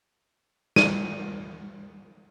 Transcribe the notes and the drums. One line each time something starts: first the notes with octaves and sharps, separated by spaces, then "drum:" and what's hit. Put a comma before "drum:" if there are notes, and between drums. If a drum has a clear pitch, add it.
D#7, drum: snare